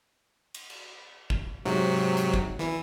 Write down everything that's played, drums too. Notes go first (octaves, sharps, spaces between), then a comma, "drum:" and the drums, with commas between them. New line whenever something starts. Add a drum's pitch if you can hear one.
drum: cymbal
drum: cymbal
drum: kick
G#2 C3 F#3
drum: hi-hat
drum: kick
E3, drum: snare